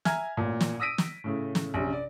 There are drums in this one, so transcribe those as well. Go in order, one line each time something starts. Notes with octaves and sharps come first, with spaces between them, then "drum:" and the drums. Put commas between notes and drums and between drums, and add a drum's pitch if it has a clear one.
E5 G#5 A#5 F6 G#6, drum: snare
A1 A#2
drum: snare
D#6 E6 A#6 B6 D7 D#7
drum: snare
A2 C#3 A3
drum: snare
A#1 F#2 C3
D5